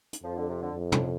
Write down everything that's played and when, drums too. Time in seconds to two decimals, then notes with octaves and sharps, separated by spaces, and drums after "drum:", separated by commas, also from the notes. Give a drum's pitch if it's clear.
0.13 drum: hi-hat
0.23 F2 F3
0.36 D3
0.49 C3
0.62 D3
0.75 F2
0.92 A2, drum: tom